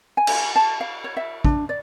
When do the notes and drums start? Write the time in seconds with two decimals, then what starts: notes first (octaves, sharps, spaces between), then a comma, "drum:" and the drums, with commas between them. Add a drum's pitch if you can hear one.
0.17 G#5
0.27 drum: cymbal
0.56 A5
0.81 F5
1.04 C#5
1.17 E5
1.45 D4, drum: kick
1.69 D5